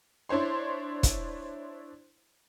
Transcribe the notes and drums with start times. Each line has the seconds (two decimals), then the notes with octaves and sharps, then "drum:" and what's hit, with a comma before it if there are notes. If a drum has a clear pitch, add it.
0.29 D4 E4 C5 C#5 C6
1.03 drum: kick, hi-hat